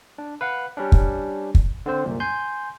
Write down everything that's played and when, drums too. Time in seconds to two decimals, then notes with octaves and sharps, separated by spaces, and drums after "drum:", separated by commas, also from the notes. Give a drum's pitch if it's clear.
0.18 D4
0.41 B4 F5 F#5
0.77 G3 C#4 D4
0.92 drum: kick
1.55 drum: kick
1.86 D3 C4 C5
2.05 C2 F#2 A#2
2.20 G#5 C6 G6